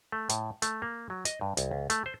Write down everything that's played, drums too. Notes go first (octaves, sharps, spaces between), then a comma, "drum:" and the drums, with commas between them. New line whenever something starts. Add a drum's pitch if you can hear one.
A3
A2, drum: hi-hat
A3, drum: hi-hat
A#3
F#3
D#5, drum: hi-hat
G2
C2, drum: hi-hat
C#2
A3, drum: hi-hat
C5